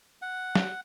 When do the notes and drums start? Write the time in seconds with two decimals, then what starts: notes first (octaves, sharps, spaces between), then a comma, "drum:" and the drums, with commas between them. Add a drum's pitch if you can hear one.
0.22 F#5
0.55 drum: snare